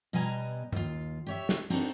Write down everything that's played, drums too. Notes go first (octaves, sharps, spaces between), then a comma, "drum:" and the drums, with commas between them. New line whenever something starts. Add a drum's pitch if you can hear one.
B2 G3 B4 D#5 G#5 A#5
D#2 F4, drum: tom G2
G4 C#5 E5
drum: snare
C4 D4 D#4 F#4, drum: open hi-hat